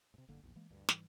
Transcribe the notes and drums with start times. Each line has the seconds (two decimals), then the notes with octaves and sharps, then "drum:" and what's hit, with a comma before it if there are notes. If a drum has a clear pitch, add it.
0.14 G#2 C3
0.28 F#1 D3 A#3
0.43 A#1 E2
0.56 E3 G#3 A#3
0.71 D2 G2
0.89 G#2 E3 G3, drum: snare